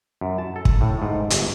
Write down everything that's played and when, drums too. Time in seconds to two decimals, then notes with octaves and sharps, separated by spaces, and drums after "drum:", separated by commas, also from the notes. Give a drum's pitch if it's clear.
0.21 F#2
0.38 A5
0.56 A4
0.65 drum: kick
0.81 A2
1.02 G#2
1.30 G1, drum: hi-hat